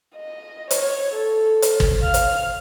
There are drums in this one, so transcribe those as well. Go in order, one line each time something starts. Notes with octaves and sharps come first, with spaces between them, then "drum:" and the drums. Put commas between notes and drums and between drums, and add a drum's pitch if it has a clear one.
D#5
C#5, drum: hi-hat
A4
drum: hi-hat
drum: kick
F5 F6
drum: hi-hat